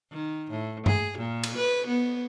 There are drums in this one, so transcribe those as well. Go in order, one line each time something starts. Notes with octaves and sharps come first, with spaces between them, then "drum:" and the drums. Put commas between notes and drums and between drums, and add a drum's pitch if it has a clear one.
D#3
A2
G#4, drum: tom G2
A#2
drum: cymbal
B4
B3